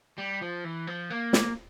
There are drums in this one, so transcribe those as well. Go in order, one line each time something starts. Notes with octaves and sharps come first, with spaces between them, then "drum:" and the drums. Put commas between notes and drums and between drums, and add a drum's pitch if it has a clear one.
G3
F3
E3
F3
A#3
drum: snare